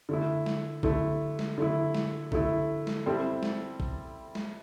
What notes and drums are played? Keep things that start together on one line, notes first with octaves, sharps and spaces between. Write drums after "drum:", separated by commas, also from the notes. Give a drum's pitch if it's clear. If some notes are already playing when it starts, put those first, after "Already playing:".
D3 A3 E4
drum: snare G#3
D3 A3 E4, drum: kick
drum: snare G#3
D3 A3 E4
drum: snare G#3
D3 A3 E4, drum: kick
drum: snare G#3
G3 C4 E4 A4
drum: snare G#3
drum: kick
drum: snare G#3